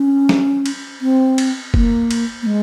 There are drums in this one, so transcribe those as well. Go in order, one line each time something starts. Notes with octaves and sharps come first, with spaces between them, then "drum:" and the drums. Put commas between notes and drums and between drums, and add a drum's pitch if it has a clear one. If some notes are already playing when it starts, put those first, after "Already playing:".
Already playing: C#4
drum: snare
drum: cymbal
C4
drum: cymbal
A#3, drum: kick F1
drum: cymbal
A#3
G#3